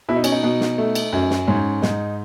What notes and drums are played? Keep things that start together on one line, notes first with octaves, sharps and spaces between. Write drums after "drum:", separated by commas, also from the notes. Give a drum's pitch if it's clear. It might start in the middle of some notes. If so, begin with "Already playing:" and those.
B2 E4
D#4
C#4, drum: cymbal
D#4
B2 D#4
drum: snare
A3
drum: cymbal
F#2
drum: snare
G#2 C#4
G#2 D#4, drum: snare